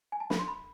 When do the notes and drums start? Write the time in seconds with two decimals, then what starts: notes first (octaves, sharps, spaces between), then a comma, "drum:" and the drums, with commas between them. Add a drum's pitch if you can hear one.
0.12 G#5
0.20 A5
0.30 B5, drum: snare
0.39 C6
0.48 B5